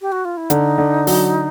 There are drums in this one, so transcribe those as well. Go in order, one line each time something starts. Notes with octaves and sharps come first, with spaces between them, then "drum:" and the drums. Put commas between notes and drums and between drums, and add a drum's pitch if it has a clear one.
G4
F#4
F4
E4
D3 D#4, drum: hi-hat
D3
F#3, drum: open hi-hat